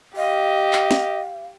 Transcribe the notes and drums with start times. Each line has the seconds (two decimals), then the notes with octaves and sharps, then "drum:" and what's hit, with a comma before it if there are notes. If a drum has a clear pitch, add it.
0.17 G4 D#5 F5
0.73 drum: clap
0.91 drum: snare